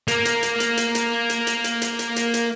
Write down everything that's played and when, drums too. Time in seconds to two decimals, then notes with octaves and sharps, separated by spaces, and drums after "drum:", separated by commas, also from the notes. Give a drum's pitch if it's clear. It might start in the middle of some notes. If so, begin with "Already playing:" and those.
0.08 A#3 A#4, drum: hi-hat
0.25 drum: hi-hat
0.43 drum: hi-hat
0.60 drum: hi-hat
0.77 drum: hi-hat
0.95 drum: hi-hat
1.29 drum: hi-hat
1.47 drum: hi-hat
1.64 drum: hi-hat
1.82 drum: hi-hat
1.99 drum: hi-hat
2.16 drum: hi-hat
2.34 drum: hi-hat